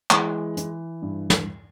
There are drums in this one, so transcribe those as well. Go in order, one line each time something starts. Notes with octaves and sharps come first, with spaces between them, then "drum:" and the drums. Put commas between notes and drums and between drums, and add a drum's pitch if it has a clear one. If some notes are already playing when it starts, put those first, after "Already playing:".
E3 G#3, drum: clap
E3, drum: hi-hat
G2
drum: snare